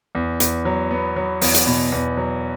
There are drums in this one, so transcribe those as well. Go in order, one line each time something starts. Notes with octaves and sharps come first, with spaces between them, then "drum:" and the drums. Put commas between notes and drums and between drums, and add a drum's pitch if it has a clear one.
E2
E2, drum: hi-hat
F#3
B3
F#3
E2, drum: open hi-hat
drum: hi-hat
B2
E2
F#3